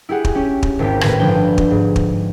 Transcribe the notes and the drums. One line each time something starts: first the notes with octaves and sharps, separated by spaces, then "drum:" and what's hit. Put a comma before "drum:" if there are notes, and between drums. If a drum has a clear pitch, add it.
E4 G4 G#4 F#5
drum: kick
C#4 G4
drum: kick
G#1 D#2 E4 G4
A2 D#3 B4 G#6 A#6 D#7, drum: rim click
G1 F3 D4 G5
drum: kick
G#2
drum: kick